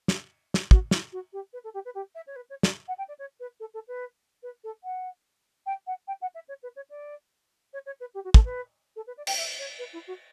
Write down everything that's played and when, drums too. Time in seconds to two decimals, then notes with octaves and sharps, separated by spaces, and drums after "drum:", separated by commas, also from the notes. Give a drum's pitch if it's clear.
0.08 drum: snare
0.54 drum: snare
0.71 F#4, drum: kick
0.91 E4, drum: snare
1.12 F#4
1.33 G4
1.53 B4
1.64 A4
1.74 G4
1.85 B4
1.95 G4
2.15 E5
2.27 C#5
2.36 B4
2.49 C#5
2.63 D5, drum: snare
2.88 F#5
2.98 G5
3.08 D5
3.19 C#5
3.40 B4
3.60 A4
3.74 A4
3.88 B4
4.43 B4
4.64 A4
4.84 F#5
5.66 G5
5.87 F#5
6.07 G5
6.21 F#5
6.34 E5
6.48 C#5
6.63 B4
6.76 C#5
6.90 D5
7.73 C#5
7.86 C#5
8.00 B4
8.14 G4
8.24 F#4
8.34 A4, drum: kick
8.45 B4
8.96 A4
9.07 B4
9.17 D5
9.27 G5, drum: cymbal
9.38 E5
9.59 C#5
9.78 B4
9.93 E4
10.07 F#4